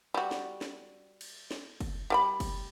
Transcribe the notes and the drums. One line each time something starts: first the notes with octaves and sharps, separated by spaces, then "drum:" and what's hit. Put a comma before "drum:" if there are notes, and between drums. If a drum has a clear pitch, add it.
G3 F#4
drum: snare
drum: snare
drum: cymbal
drum: snare
drum: kick F#1, cymbal
G3 G5 B5
drum: kick F#1, cymbal